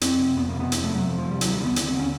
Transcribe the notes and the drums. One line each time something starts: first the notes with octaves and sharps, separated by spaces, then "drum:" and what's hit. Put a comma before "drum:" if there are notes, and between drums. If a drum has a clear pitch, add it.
F2 C4, drum: hi-hat
C3
F2 B3
A#3
C3
B3
F2, drum: hi-hat
C3 A3
F#3
F2 F3
C3 F3
G3
D#2 F#3, drum: hi-hat
G3
D3
B3
D#2, drum: hi-hat
C4
D3
C#4